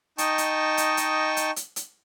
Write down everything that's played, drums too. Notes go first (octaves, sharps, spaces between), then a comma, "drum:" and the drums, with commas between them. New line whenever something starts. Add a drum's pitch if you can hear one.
D#4 D#5 G5 A5 C#6, drum: hi-hat
drum: hi-hat
drum: hi-hat
drum: hi-hat
drum: hi-hat
drum: hi-hat
drum: hi-hat